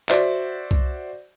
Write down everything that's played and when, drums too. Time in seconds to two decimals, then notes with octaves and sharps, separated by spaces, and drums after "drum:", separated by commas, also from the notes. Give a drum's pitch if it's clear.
0.09 F#4 C5 D5 E5, drum: clap
0.71 drum: kick C2